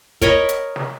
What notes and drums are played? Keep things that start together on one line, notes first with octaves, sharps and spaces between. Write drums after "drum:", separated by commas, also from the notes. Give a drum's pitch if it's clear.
A#4 C#5 D#5 B5, drum: kick, hi-hat
drum: hi-hat
drum: snare